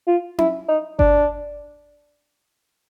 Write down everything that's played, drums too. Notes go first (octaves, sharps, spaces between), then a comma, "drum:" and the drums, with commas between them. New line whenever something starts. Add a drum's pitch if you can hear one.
F4
E4, drum: tom C#4
D#4
D4, drum: kick G1